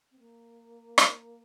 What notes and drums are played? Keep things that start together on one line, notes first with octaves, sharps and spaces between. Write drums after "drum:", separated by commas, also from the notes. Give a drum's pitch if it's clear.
C4
A#3
drum: rim click